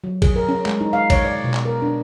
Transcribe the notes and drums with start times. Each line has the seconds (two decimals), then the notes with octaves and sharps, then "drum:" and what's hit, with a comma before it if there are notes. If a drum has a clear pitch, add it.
0.04 F#3
0.22 G#4, drum: kick, cymbal
0.36 A#4
0.49 C#4
0.66 G#3, drum: clap
0.81 D#4
0.93 F5
1.10 C#5, drum: kick, cymbal
1.25 D5
1.44 B2
1.54 drum: clap
1.65 A#4
1.82 D4